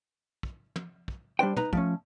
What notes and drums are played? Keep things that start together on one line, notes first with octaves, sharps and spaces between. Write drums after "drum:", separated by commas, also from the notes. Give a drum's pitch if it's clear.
drum: kick
drum: tom
drum: kick
G3 D4 C5 G5
D#4 B4 A#5, drum: tom
F3 A3 C#4, drum: kick